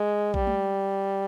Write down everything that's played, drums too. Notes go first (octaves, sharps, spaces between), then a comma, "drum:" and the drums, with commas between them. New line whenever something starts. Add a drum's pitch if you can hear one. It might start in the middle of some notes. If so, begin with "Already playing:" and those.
Already playing: G#3
G3, drum: kick A#1
drum: tom G#3